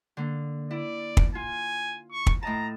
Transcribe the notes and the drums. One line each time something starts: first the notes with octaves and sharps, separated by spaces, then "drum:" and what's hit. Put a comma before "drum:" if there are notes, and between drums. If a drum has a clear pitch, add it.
D3 A#3
E4 D5
drum: kick
F4 G#5
C#6
drum: kick
A2 D#5 A5 A#5